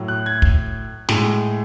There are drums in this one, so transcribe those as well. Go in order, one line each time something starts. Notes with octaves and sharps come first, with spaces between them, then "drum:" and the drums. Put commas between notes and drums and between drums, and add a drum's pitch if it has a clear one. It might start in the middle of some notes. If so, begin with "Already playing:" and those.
Already playing: A2 F#3
F#6
G#6
drum: kick
A2 G#3, drum: snare